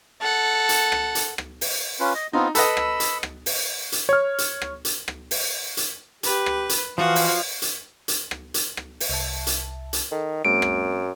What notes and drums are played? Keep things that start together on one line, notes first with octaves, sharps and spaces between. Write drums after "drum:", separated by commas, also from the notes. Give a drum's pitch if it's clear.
A4 F#5
drum: hi-hat
drum: rim click
drum: hi-hat
drum: rim click
drum: open hi-hat
C#4 F4 B4
D#5
B3 C4 D#4 F4
A4 B4 D#5 B5 E6, drum: hi-hat
drum: rim click
drum: hi-hat
drum: rim click
drum: open hi-hat
drum: hi-hat
C#5 F6
drum: hi-hat
drum: rim click
drum: hi-hat
drum: rim click
drum: open hi-hat
drum: hi-hat
G4 B4, drum: hi-hat
drum: rim click
drum: hi-hat
E3 F3 F#4 F5
drum: open hi-hat
drum: hi-hat
drum: hi-hat
drum: rim click
drum: hi-hat
drum: rim click
drum: open hi-hat
C2 E5 A5
drum: hi-hat
drum: hi-hat
D#3 A4
F#2 G#3 A#3 C4 D7
drum: rim click